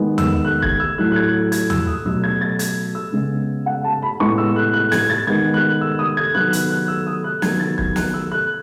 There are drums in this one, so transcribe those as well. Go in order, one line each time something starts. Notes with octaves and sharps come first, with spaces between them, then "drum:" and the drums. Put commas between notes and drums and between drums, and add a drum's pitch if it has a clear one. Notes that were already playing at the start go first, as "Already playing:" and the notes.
Already playing: D#3 G#3 B3
E6, drum: tom D#2
F#6
G#6, drum: kick
E6
A2 F#3 A3 F#6
F#6
G#6
G#6, drum: hi-hat
E6, drum: tom D#2
D#6
B2 F#3 A3 E6
G#6
A6
G#6, drum: hi-hat
E6
C#3 G#3 B3
F#5
A5
B5
A2 G#3 B3 C#6
E6
F#6
F#6
G#6, drum: snare
A6
D#3 G#3 B3 G#6
F#6
E6
D#6
G#6
D#3 F#3 B3 F#6
F#6, drum: hi-hat
F#6
E6
D#6
F#6
D#3 F#3 B3 G#6, drum: snare
A6
G#6, drum: kick
F#6, drum: snare
E6
F#6